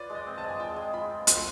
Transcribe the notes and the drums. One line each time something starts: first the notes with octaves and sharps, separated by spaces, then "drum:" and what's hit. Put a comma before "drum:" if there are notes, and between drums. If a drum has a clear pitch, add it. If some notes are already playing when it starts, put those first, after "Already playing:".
Already playing: F4 B4 C#5 D5
G#3
D#5
C4
A5
G#3
G#5
F4 G5
G#3
F4 B5
C4
C4 C6, drum: hi-hat